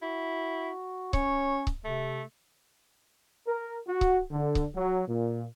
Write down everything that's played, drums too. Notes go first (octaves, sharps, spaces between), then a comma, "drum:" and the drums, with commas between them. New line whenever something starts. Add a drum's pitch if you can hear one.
E4 F#4
C#4 C#5, drum: kick C#1
drum: kick C#1
C3 A3
A#4
F#4
drum: kick C#1
D3
drum: kick C#1
F#3
A#2